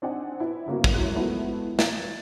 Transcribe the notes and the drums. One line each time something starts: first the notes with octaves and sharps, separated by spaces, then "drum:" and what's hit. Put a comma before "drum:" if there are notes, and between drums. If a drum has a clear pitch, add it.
C4 D4 D#4 F#5 G#5
E4 B4
G1 C#3 A#3 F#4
drum: kick
F#2 E3 F#3 G#3 F#6
F3 G#3 A3 B3 E4 F#4
G#6 A6 E7, drum: snare